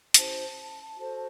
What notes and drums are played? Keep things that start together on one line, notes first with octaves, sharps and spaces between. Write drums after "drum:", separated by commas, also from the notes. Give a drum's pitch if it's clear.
C#4 E4 G4 C5 A5, drum: hi-hat
F#4 A4 C5